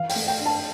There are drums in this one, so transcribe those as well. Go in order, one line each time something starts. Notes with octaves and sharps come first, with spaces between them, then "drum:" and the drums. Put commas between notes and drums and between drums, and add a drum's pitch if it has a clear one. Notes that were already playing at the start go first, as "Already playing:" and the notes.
Already playing: E3 F5
G5, drum: open hi-hat
A3
G5
D4
A5